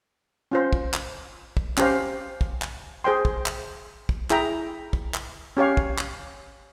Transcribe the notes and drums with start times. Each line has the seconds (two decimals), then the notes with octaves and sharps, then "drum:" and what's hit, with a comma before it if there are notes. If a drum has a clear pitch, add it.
0.51 C#4 F4 C5
0.73 drum: kick
0.94 drum: clap
1.57 drum: kick
1.77 C#4 G4 C5 F5, drum: clap
2.41 drum: kick
2.62 drum: clap
3.04 G#4 C5 G5 C6
3.25 drum: kick
3.46 drum: clap
4.09 drum: kick
4.30 E4 G#4 E5 G5 A#5, drum: clap
4.93 drum: kick
5.14 drum: clap
5.57 C#4 G4 C#5 F5
5.77 drum: kick
5.98 drum: clap